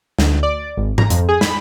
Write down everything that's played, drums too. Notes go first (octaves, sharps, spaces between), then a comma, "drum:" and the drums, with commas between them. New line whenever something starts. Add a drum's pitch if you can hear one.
D2, drum: snare
D5
G#1
A#5, drum: tom G#2
F2, drum: hi-hat
G#4
B5, drum: snare